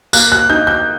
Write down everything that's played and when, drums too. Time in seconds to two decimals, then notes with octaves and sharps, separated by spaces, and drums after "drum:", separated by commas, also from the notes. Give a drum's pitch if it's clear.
0.13 A#3 F#6, drum: tambourine
0.32 F#6
0.50 D#4 G6
0.67 G6